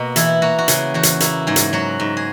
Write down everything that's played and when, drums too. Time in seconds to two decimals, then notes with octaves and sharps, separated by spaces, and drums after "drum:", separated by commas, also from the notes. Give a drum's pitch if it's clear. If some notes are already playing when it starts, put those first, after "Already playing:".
Already playing: B2 A#3
0.16 E3 E4, drum: hi-hat
0.42 A#3 F#4
0.59 F#4
0.68 C#3 G#4, drum: hi-hat
0.94 E2 F#4
1.03 drum: hi-hat
1.20 A#3 E4, drum: hi-hat
1.47 G#2 G#4
1.56 drum: hi-hat
1.73 F#3 F#4
2.00 G#2
2.17 G#4